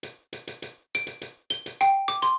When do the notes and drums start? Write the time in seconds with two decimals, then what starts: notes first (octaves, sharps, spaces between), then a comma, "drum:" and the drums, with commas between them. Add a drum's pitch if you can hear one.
0.03 drum: hi-hat
0.33 drum: hi-hat
0.47 drum: hi-hat
0.62 drum: hi-hat
0.95 D7, drum: hi-hat
1.07 drum: hi-hat
1.21 drum: hi-hat
1.50 G7, drum: hi-hat
1.66 drum: hi-hat
1.81 G5, drum: hi-hat
2.08 D6, drum: hi-hat
2.22 C6, drum: hi-hat